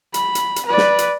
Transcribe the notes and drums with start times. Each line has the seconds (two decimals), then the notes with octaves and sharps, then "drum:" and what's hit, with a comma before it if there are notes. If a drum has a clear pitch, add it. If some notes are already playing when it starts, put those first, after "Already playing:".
0.14 B5, drum: hi-hat
0.35 drum: hi-hat
0.56 drum: hi-hat
0.66 B4 D5
0.77 drum: snare
0.99 drum: hi-hat